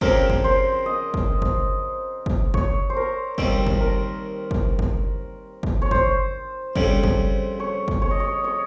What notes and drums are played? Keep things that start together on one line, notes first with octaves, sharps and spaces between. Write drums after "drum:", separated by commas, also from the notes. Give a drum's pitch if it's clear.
C#3 F3 C4 G4 A#4, drum: kick
drum: kick
C5
D#5
drum: kick
drum: kick
drum: kick
C#5, drum: kick
C5
A#4
D#2 D#3 G3 C4 C5, drum: kick
drum: kick
A#4
drum: kick
drum: kick
drum: kick
C#5
C5, drum: kick
F2 C#3 G3, drum: kick
drum: kick
C#5
drum: kick
C#5
D#5
C#5
C#5